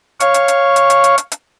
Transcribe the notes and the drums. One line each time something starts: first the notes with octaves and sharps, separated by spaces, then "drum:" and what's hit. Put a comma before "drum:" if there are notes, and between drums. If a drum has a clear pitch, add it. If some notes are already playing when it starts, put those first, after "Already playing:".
C#5 F5 C#6, drum: hi-hat
drum: hi-hat
drum: hi-hat
drum: hi-hat
drum: hi-hat
drum: hi-hat
drum: hi-hat
drum: hi-hat